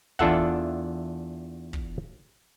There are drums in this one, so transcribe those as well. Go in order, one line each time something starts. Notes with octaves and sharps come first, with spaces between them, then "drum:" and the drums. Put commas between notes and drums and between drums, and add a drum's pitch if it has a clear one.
E2 D4 F4 A4 E5 F#5, drum: kick
drum: kick